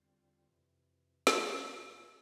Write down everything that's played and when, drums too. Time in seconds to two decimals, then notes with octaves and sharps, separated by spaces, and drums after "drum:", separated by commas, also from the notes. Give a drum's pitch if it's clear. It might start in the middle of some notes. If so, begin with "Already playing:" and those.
Already playing: E2 D3 G3 C4 F4
0.47 F2 C3 E3
1.27 F2 C3 E3, drum: snare